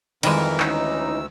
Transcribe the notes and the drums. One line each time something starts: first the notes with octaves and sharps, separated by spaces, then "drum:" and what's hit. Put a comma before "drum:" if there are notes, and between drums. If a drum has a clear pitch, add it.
F2 D#3 E3 G3 G#3 A#4, drum: cymbal
D2 E3 C#4 D#4 E6, drum: clap